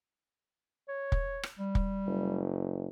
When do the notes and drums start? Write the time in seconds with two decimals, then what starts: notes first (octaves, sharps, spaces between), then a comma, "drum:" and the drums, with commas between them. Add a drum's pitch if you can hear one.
0.88 C#5
1.12 drum: kick
1.43 drum: rim click
1.59 G3
1.75 drum: kick
2.07 F#1